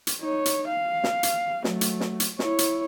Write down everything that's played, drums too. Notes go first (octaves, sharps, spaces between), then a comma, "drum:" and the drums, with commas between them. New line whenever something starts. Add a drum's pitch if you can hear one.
drum: hi-hat
D#4 C#5
drum: hi-hat
F5
drum: snare
drum: hi-hat
F#3 A3, drum: snare
drum: hi-hat
drum: snare
drum: hi-hat
E4 C#5, drum: snare
drum: hi-hat